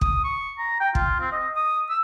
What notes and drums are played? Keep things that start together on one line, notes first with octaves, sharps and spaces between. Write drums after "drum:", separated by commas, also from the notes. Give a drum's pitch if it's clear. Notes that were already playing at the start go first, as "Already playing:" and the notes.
D#6, drum: kick
C#6
A#5
G5
F4, drum: kick
C4
D#5
D#6
E6